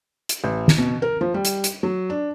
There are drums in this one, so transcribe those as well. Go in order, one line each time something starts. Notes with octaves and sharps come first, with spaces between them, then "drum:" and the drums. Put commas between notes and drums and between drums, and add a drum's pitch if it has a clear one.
drum: hi-hat
A1
drum: snare
B2
A#4
F3
G3
drum: hi-hat
drum: hi-hat
F#3
D4